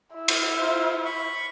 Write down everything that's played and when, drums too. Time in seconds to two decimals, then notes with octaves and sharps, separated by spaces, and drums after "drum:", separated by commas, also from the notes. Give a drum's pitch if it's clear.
0.15 E4
0.28 drum: cymbal
0.59 F4 C5
1.05 B5 C#6